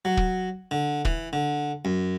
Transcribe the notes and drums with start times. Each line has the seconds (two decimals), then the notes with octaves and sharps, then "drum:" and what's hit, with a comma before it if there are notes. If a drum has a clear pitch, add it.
0.05 F#3
0.17 drum: kick
0.71 D3
1.05 E3, drum: kick
1.33 D3
1.85 F#2